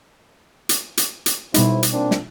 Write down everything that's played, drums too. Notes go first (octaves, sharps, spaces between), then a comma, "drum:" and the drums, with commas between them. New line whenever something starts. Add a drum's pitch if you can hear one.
drum: hi-hat
drum: hi-hat
drum: hi-hat
B1 B2 G3 D#4 E4 C5, drum: hi-hat
drum: hi-hat
A#2 C4 D4
drum: snare